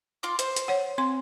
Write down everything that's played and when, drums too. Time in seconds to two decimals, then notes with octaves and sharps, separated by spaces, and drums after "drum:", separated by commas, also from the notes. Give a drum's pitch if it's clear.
0.23 F4 C6 D6
0.39 C5, drum: hi-hat
0.56 drum: hi-hat
0.68 C#5 F#5
0.98 C4 C6